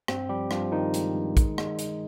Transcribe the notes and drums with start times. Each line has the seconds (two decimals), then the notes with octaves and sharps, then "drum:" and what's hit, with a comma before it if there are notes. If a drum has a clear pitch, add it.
0.08 G2 C4, drum: rim click
0.29 F3 G3 G4
0.51 G2 F3 F4, drum: rim click
0.72 D#3 F3 D#4
0.94 G#3, drum: hi-hat
1.15 G2
1.37 G#3, drum: kick, hi-hat
1.58 G#3, drum: rim click
1.79 G#3, drum: hi-hat